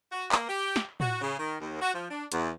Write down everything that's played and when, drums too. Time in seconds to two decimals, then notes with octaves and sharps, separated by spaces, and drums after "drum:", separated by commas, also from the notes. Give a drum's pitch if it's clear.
0.11 F#4
0.32 A#3, drum: clap
0.48 G4
0.76 drum: snare
1.00 F#4, drum: tom A2
1.21 C#3
1.39 D#3
1.59 D#2
1.80 F#4
1.93 F3
2.10 D4
2.32 E2, drum: hi-hat